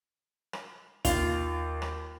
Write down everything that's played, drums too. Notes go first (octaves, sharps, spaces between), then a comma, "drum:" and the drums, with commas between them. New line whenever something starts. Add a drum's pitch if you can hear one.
drum: rim click
D#2 F4 F7, drum: kick, hi-hat
drum: rim click